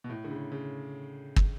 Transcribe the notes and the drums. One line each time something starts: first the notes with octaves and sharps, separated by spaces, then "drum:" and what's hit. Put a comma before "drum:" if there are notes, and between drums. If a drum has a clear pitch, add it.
B2
A2
D3
C#3
C#3
drum: kick